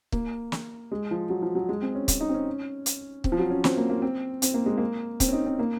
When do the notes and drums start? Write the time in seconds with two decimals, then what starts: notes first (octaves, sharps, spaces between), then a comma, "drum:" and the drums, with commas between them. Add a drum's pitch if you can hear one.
0.12 A#3, drum: kick
0.52 drum: snare
0.92 G#3
1.11 F3
1.29 F#3
1.42 F3
1.55 F#3
1.69 G#3
1.82 C4
1.95 C#4
2.08 drum: kick, hi-hat
2.20 D#4
2.29 C4
2.34 C#4
2.86 drum: hi-hat
3.24 C4, drum: kick
3.32 F3
3.38 F#3
3.50 C#4
3.64 C4, drum: snare
3.77 A#3
3.90 A#3
4.02 C4
4.42 C4, drum: hi-hat
4.54 A#3
4.66 G#3
4.78 A#3
5.20 C4, drum: kick, hi-hat
5.28 C#4
5.33 D#4
5.46 C4
5.59 A#3